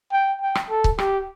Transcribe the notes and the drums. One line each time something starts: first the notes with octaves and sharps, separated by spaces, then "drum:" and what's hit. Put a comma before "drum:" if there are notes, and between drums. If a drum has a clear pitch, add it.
G5
G5
drum: rim click
A4
drum: kick C#1
G4, drum: rim click